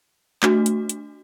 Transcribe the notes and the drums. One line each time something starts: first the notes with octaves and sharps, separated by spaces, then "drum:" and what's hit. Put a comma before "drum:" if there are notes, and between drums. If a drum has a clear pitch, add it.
A3 D4 F#4, drum: clap
drum: hi-hat
drum: hi-hat